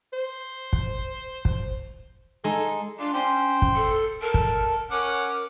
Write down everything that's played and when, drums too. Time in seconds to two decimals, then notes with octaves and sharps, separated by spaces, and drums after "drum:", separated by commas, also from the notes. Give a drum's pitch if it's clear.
0.13 C5
0.73 drum: kick
1.45 drum: kick
2.44 G#3 D#4 A4
2.99 D4 F4 D5
3.14 C#4 C5 G5
3.62 drum: kick
3.75 A4
4.22 A4 A#4
4.34 drum: kick
4.91 C#4 A#4 F#5 D6